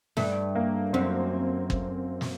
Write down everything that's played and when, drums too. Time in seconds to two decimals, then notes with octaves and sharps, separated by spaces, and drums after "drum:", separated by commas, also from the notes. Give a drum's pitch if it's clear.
0.17 G2 A3, drum: snare
0.55 A#3
0.93 F#2 C4
1.70 drum: kick G1
2.21 drum: snare